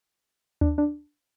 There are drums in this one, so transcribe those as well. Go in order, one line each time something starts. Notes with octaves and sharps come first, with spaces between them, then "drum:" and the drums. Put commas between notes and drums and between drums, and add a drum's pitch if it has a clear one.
D4, drum: kick D#2
D4